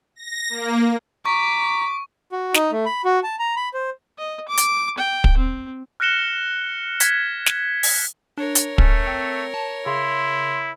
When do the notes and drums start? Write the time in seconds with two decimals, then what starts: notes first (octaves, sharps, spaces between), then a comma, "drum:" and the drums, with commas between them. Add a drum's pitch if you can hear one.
0.16 A#6
0.50 A#3
1.25 A#5 C#6 D6 B6
2.32 F#4
2.54 D#4, drum: snare
2.72 A3
2.86 B5
3.05 F#4
3.23 A5
3.39 A#5
3.56 B5
3.74 C5
4.18 D#5
4.48 D6
4.58 drum: hi-hat
4.98 G5
5.24 drum: kick
5.37 C4
6.00 F6 F#6 A#6 C#7 E7 G7
7.00 G#6 B6, drum: hi-hat
7.46 drum: snare
7.83 drum: open hi-hat
8.38 D4 A#4 C#5
8.55 drum: hi-hat
8.78 A3 C#4, drum: kick
9.07 C4
9.54 A5
9.86 C#3 E4 C6